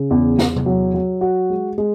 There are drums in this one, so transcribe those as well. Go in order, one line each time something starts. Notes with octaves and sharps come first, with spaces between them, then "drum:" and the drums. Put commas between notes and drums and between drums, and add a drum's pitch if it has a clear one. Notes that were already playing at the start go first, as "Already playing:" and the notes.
Already playing: C#3
E2
E2, drum: snare
drum: tom C3
F#3
F#3
F#4
G#3
G#3